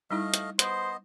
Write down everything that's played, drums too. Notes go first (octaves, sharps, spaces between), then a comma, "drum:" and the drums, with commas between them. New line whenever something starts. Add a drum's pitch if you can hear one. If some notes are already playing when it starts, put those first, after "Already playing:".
G3 A3 D#4 E4 D#5 F5
drum: hi-hat
B3 C5 D#5, drum: hi-hat